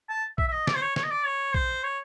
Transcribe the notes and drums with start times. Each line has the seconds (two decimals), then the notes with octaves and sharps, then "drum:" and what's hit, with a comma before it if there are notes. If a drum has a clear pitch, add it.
0.09 A5
0.38 E5, drum: kick A#1
0.48 E5
0.52 D#5
0.67 D5, drum: snare
0.75 C5
0.82 C#5
0.96 C#5, drum: snare
1.04 D#5
1.11 D5
1.25 C#5
1.54 C5, drum: kick A#1
1.84 C#5